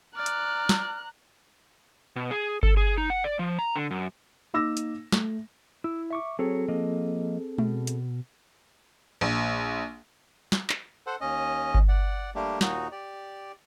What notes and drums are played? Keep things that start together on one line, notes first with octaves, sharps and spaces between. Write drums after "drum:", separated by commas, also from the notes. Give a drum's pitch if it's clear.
D5 A#5 F6 F#6
drum: hi-hat
drum: snare
B2
G#4
A4, drum: kick G1
G#4
D#4
F#5
D5
F3
A#5
D3
F#2
A#3 D#4 D6 E6 A#6 E7
drum: hi-hat
A3, drum: snare
E4 E6
E5 C#6 D6
F#3 C4 G#4 A4 C#5
F3 A#3 D#5
B2, drum: tom G#3
drum: hi-hat
A#1
drum: snare
drum: clap
A4 C5 F#5
D#2 C#4 D#5
drum: kick G1
D5 F#5
G3 A3 A#3 D4 G4
D#2 A#2 D#4 F#4, drum: snare
G4 D5